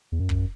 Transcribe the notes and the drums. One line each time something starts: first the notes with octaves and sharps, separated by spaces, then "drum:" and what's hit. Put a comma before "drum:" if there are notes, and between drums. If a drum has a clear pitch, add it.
E2
F#2
drum: kick